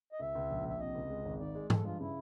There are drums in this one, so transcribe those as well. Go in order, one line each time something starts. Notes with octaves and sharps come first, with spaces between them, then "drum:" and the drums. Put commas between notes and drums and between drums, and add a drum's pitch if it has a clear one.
D#5
C#2 E5
C#2
A#1
A#1 E5
C3 D#5
C#2
G#3
G#1
D#3 D5
G#3
G#3 A4, drum: tom G#2
G2 F4
C#3 E4